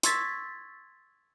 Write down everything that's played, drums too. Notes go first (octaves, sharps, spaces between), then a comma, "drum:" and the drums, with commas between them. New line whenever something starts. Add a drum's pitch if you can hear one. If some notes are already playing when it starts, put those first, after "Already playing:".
C6 C#6 E6 G#6 A6 B6, drum: hi-hat